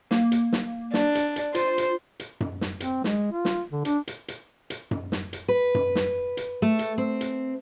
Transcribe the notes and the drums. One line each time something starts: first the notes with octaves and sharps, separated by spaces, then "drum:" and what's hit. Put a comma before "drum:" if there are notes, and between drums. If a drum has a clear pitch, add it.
A#3, drum: snare
drum: hi-hat
drum: snare
D4, drum: snare
drum: hi-hat
drum: hi-hat
F4 C5, drum: hi-hat
drum: hi-hat
drum: hi-hat
drum: tom F#2
drum: snare
C4, drum: hi-hat
G#3, drum: snare
F4
drum: snare
D3
D4, drum: hi-hat
drum: hi-hat
drum: hi-hat
drum: hi-hat
drum: tom F#2
drum: snare
drum: hi-hat
B4
drum: tom F#2
drum: snare
drum: hi-hat
A3
drum: hi-hat
C4
drum: hi-hat